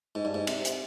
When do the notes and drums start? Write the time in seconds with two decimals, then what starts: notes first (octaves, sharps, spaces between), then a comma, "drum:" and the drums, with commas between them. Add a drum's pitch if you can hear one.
0.15 G#2
0.25 G2
0.34 G#2
0.47 C3, drum: cymbal
0.65 drum: hi-hat